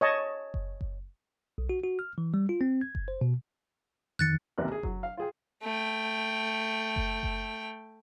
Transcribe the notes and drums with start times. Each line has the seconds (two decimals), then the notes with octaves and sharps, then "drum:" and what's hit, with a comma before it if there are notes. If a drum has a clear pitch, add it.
0.01 C#5 D#5 A5
0.54 drum: kick F#1
0.81 drum: kick F#1
1.58 B1
1.69 F#4
1.83 F#4
1.99 F6
2.18 E3
2.34 G3
2.49 F4
2.61 C4
2.81 G#6
2.95 drum: kick F#1
3.08 C5
3.21 B2
4.19 F2 D#3 F#6 A6 C#7
4.58 A1 D#2 C3 B3 A#4 F#6
4.72 G#4
4.83 F#3, drum: kick F#1
5.03 F5
5.17 F4 G#4 G5
5.62 A3 G5
6.96 drum: kick F#1
7.23 drum: kick F#1